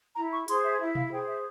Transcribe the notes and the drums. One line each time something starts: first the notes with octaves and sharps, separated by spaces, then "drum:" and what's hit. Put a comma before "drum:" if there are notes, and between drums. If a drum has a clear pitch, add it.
E4 A#5
C#6
G#4 C5 C6, drum: hi-hat
E5
E4 E5
F5, drum: tom B2
G#4 C5 G5
E5